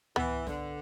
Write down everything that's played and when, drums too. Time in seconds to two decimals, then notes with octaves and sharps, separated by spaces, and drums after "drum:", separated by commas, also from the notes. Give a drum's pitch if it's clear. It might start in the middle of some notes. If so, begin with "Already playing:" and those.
0.16 E3 B3, drum: tom C#2
0.47 D3, drum: snare